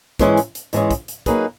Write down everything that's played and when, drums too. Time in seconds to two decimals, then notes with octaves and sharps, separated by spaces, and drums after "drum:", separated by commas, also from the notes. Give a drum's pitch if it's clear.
0.19 G#2 E3 G#3 C#4, drum: kick, hi-hat
0.37 drum: hi-hat
0.55 drum: hi-hat
0.73 G#2 E3 G#3 C#4, drum: hi-hat
0.91 drum: kick, hi-hat
1.08 drum: hi-hat
1.26 F#3 A#3 D#4 G#4 B4, drum: kick, hi-hat